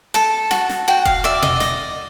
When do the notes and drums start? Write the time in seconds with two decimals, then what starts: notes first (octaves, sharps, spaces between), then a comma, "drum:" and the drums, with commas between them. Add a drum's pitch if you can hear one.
0.14 A4 A5, drum: snare
0.51 F#4, drum: snare
0.69 drum: snare
0.88 F#4 G5
1.05 F5, drum: kick E1
1.24 D5 E5
1.43 D#5, drum: tom B2
1.60 D#5, drum: snare